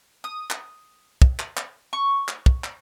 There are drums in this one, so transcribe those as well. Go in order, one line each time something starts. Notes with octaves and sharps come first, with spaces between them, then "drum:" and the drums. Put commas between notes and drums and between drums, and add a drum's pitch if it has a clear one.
D#6
drum: clap
drum: kick
drum: clap
drum: clap
C#6
drum: clap
drum: kick
drum: clap